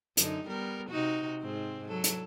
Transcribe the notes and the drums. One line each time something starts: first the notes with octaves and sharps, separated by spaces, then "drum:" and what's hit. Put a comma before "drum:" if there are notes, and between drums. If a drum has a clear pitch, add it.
F#2 D3 D#4, drum: hi-hat
G3 B3 A#4
C3 D#4 F#4
G#2 C4
F#3 A4
drum: hi-hat